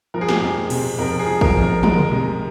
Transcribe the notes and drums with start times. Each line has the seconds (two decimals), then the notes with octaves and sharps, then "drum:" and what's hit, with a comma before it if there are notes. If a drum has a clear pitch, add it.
0.14 F3 A#4
0.21 G#4
0.29 G4, drum: snare
0.36 G#4
0.42 F2
0.70 C3, drum: cymbal
0.98 F2 A#4
1.19 G#4
1.26 F3
1.41 A#4, drum: kick
1.55 F2
1.62 A#4
1.83 G#3 A#4, drum: tom
2.11 C3